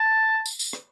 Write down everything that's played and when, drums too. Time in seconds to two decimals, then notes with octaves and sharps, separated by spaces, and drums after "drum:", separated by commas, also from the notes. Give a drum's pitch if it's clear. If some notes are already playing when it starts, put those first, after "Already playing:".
Already playing: A5
0.46 drum: tambourine
0.59 drum: tambourine
0.73 drum: rim click